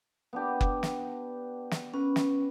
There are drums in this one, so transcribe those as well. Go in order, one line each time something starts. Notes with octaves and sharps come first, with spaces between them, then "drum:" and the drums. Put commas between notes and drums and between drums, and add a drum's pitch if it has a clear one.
B3 D4 G4
drum: kick F#1
drum: snare
drum: snare
C#4 B4
drum: snare